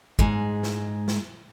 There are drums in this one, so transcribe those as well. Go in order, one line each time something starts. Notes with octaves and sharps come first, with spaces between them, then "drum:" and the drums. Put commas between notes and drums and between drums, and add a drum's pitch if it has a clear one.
G#2 G#3, drum: kick
drum: snare
drum: snare